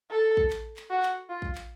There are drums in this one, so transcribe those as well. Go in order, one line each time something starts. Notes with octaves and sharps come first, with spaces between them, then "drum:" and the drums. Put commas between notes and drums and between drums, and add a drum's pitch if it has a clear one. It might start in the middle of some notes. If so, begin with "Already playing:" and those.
A4
drum: kick
drum: clap
drum: clap
F#4
drum: clap
F4
drum: kick
drum: clap